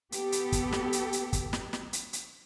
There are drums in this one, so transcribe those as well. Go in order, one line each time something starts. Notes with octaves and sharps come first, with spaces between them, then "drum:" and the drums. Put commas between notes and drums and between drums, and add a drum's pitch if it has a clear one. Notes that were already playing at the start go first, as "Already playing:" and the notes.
B3 G4 A4, drum: hi-hat
drum: hi-hat
drum: kick, hi-hat
drum: snare
drum: hi-hat
drum: hi-hat
drum: kick, hi-hat
drum: snare
drum: snare
drum: hi-hat
drum: hi-hat